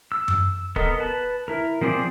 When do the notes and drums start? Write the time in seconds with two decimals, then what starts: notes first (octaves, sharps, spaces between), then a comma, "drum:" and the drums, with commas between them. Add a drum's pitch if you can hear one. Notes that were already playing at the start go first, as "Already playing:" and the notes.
0.12 E6
0.28 drum: tom F#2
0.76 B3 A4 A#4 D#5, drum: kick
1.00 B4 A5
1.48 E4 A#4
1.81 F3 C4 G#4 C5 D5